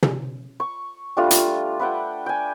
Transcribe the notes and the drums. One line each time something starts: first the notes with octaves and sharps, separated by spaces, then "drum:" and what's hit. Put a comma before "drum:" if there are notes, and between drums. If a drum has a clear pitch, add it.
drum: tom
C#6
G3 A3 D4 F4
drum: hi-hat
B4 E5 F#5 G5
G5 G#5